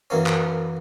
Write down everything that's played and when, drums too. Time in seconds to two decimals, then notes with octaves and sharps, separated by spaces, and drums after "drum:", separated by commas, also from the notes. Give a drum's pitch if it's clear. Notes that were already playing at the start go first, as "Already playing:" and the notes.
0.10 F#2 E3 A#3 C#4
0.26 drum: clap